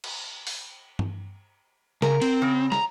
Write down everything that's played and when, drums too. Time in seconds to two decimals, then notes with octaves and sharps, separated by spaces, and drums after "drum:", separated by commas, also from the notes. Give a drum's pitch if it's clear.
0.04 drum: cymbal
0.47 drum: open hi-hat
0.99 drum: tom G2
2.02 C#3 A#4, drum: snare
2.22 C4, drum: cymbal
2.42 C#3
2.72 A#5, drum: snare